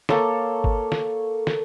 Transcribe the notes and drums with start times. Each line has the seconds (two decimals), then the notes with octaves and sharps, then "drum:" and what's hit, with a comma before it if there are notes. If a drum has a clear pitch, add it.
0.09 A#3 A4 C#5 D6, drum: snare
0.64 drum: kick G1
0.92 drum: snare
1.47 drum: snare